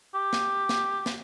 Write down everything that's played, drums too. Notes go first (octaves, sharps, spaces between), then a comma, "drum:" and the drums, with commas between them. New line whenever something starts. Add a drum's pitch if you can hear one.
G4
drum: snare
drum: snare
drum: snare